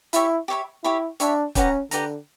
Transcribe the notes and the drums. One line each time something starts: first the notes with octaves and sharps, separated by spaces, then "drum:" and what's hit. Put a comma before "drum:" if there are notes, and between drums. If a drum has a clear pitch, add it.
E4 G4 C#5 E5 B5, drum: hi-hat
G4 C#5 E5 B5
E4 G4 C#5 E5 B5
D4 G4 C#5 E5 B5, drum: hi-hat
C#4 G4 B4 F#5 A#5, drum: kick, hi-hat
D3 G4 B4 F#5 A#5, drum: hi-hat